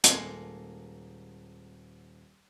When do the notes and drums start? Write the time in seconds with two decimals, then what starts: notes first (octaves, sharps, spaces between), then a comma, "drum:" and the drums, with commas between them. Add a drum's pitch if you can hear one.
0.04 D#1 G#3 A#3 A4, drum: hi-hat